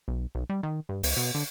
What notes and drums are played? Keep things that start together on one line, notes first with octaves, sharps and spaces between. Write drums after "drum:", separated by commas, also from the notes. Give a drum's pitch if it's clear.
B1
B1
G3
D#3
G2
C#2, drum: open hi-hat
B2
D3